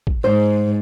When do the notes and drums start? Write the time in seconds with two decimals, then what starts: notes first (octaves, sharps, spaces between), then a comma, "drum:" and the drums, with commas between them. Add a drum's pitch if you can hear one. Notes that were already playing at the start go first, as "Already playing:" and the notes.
0.07 drum: kick
0.24 G#2 C5